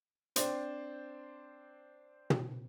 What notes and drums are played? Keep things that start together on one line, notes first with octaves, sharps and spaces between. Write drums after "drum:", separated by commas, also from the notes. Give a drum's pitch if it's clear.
C4 D4 C5, drum: hi-hat
drum: tom